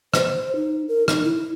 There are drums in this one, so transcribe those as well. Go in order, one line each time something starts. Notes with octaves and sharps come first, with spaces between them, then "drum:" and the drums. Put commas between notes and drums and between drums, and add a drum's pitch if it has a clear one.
C5, drum: rim click
D#4
A#4
D#4, drum: rim click
E4